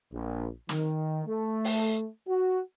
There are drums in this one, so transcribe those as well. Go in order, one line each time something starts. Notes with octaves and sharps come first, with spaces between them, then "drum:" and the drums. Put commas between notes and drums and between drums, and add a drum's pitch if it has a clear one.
A#1
D#3, drum: snare
A3
drum: open hi-hat
F#4